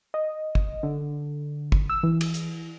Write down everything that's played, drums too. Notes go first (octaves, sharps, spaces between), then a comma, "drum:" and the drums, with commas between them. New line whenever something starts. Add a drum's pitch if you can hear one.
D#5
drum: kick
D3
drum: kick
E6
E3
drum: cymbal
drum: hi-hat